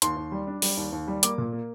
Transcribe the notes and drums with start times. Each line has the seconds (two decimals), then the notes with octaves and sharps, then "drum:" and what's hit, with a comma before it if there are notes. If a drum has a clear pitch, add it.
0.02 D#2 C6, drum: hi-hat
0.16 D#2
0.32 G3
0.47 D4
0.62 G3, drum: open hi-hat
0.77 D#2
0.92 D#2
1.07 G3
1.23 A#3 D6, drum: hi-hat
1.38 A#2
1.52 A#3